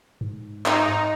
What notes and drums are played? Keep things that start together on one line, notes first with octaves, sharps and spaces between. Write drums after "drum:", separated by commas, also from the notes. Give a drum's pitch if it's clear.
G#2
D#4, drum: clap